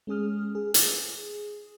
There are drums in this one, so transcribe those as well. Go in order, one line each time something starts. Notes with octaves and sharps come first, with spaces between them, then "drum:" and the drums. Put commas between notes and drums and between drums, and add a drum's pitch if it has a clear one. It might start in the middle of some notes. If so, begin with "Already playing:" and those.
G#3 C#4 G#4 D#6 F6
G#4
drum: hi-hat